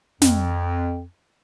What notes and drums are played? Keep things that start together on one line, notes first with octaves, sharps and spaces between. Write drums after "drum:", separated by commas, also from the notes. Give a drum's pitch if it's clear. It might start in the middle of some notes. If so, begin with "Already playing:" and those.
F2, drum: snare